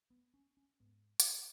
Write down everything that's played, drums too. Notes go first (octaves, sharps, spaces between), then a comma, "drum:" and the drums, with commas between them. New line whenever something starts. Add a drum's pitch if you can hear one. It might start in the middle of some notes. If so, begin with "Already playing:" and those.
B3
C#4
C#4
G#2 B3
drum: hi-hat